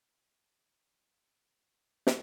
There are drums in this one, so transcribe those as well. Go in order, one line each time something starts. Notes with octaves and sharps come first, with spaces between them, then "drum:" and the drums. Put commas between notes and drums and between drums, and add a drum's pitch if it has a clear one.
G5
G#5
G#5
G5
G#4
drum: snare